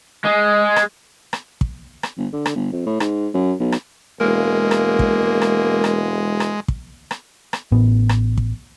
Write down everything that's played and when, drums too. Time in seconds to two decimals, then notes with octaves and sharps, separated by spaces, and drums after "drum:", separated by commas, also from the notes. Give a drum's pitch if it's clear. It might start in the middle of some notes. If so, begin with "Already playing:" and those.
0.25 G#3
0.76 drum: rim click
1.33 drum: rim click
1.61 drum: kick
2.03 drum: rim click
2.17 G1
2.33 D3
2.46 drum: rim click
2.55 G1
2.72 F2
2.86 A2
3.00 G#2, drum: rim click
3.34 F#2
3.60 B1
3.72 drum: rim click
4.20 E1 G#3 A#3
4.71 drum: rim click
4.99 drum: kick
5.42 drum: rim click
5.84 drum: rim click
6.40 drum: rim click
6.68 drum: kick
7.11 drum: rim click
7.53 drum: rim click
7.72 A1 A2 B3
8.09 drum: rim click
8.38 drum: kick